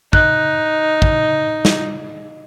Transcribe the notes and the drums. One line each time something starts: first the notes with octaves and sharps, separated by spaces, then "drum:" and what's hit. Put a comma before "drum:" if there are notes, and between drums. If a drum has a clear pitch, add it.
D#4 F#6, drum: kick
drum: kick
drum: snare